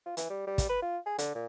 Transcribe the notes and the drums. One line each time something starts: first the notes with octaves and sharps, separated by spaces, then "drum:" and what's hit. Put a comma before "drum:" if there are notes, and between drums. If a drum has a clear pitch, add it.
F4
E3, drum: hi-hat
G3
G3
drum: kick, hi-hat
B4
F4
G#4
D3, drum: hi-hat
A#2